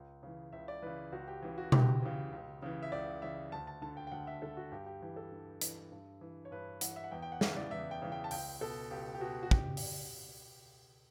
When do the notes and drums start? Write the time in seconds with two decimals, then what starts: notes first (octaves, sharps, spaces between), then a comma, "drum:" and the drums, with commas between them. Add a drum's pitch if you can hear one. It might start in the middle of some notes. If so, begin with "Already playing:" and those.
Already playing: C#2
0.23 C#3 E3
0.53 C#2 E5
0.68 D5
0.82 C#3 E3 B4
1.12 C#2 F#4
1.28 G4
1.42 C#3 E3
1.58 F#4
1.72 C#2 G4, drum: tom B2
2.02 C#3 E3
2.32 C#2
2.62 C#3 E3
2.82 E5
2.92 C#2 D5
3.22 C#3 E3 E5
3.52 D2 A5
3.67 A5
3.82 D3 A5
3.97 G5
4.07 G5
4.12 D2 F#5
4.27 E5
4.42 D3 A4
4.57 F#4
4.72 G2 G4
4.86 G4
5.02 E3 G4
5.16 A4
5.32 G2
5.61 E3, drum: hi-hat
5.92 G2
6.21 E3
6.45 C#5
6.51 G2 B4
6.81 E3 F#5, drum: hi-hat
6.96 E5
7.04 F#5
7.11 E2 G5
7.22 G5
7.32 F#5
7.41 C#3 E3 E5, drum: snare
7.56 D5
7.71 E2 E5
7.91 G5
8.02 C#3 E3
8.12 G5
8.24 A5
8.31 C#2 G5, drum: open hi-hat
8.61 B2 A4
8.91 C#2 G4
9.14 G4
9.21 B2 F#4
9.43 F#4
9.51 G4, drum: kick
9.77 drum: open hi-hat